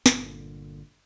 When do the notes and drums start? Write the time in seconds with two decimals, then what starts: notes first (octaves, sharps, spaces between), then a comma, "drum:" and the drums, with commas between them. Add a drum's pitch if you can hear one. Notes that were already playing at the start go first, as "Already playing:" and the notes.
0.06 G1 A#2 D3, drum: snare